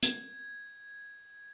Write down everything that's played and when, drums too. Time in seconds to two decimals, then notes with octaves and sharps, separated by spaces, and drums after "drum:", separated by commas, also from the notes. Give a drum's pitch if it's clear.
0.03 G#6, drum: hi-hat